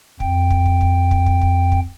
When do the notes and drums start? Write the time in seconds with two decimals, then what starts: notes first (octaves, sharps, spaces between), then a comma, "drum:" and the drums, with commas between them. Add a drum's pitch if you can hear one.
0.20 F2 G5, drum: kick
0.50 drum: kick
0.66 drum: kick
0.81 drum: kick
1.11 drum: kick
1.26 drum: kick
1.41 drum: kick
1.72 drum: kick